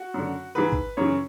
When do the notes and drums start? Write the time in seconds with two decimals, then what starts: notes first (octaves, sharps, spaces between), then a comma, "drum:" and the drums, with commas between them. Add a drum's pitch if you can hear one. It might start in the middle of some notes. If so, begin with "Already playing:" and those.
Already playing: F#4
0.14 F#2 D3
0.55 G#2 E3 B4
0.72 drum: kick
0.97 F#2 C#3 E3 C#5